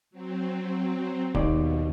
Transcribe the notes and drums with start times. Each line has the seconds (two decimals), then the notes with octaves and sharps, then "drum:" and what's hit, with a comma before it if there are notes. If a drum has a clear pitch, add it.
0.11 F#3 C4
1.35 D#2 B2 D5, drum: kick D1